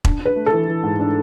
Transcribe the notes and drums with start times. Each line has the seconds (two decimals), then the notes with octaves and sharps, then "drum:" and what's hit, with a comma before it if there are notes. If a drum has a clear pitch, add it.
0.05 D4, drum: kick E1
0.20 D4
0.25 B4
0.35 A3
0.46 A4
0.52 E3
0.68 E3
0.83 G#2
1.00 D4